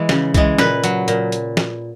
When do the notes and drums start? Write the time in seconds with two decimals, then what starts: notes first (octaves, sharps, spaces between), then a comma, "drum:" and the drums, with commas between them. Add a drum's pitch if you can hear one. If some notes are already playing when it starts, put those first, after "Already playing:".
Already playing: E3 G#3
0.09 C#3, drum: snare
0.34 E3 G#3, drum: kick C2, hi-hat
0.58 A#2 B4, drum: snare
0.84 F#3, drum: hi-hat
1.08 A#2, drum: hi-hat
1.32 drum: hi-hat
1.57 drum: snare